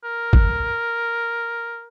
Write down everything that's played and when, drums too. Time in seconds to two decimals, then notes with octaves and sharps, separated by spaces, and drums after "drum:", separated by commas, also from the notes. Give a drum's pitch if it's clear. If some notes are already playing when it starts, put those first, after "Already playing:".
0.04 A#4
0.33 drum: kick